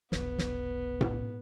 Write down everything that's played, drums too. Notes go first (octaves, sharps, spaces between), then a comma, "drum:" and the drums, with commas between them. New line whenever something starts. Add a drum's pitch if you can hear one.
F1 B1 B3, drum: snare
drum: snare
drum: tom A2